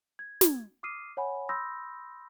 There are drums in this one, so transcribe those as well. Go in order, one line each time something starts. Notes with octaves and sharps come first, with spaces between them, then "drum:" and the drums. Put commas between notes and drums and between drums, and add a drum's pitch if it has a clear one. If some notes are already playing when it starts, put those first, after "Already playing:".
G#6
drum: snare
D6 D#6 F6 C7 D#7
C#5 F#5 G#5 B5
B5 C6 D#6 E6 G6 A#6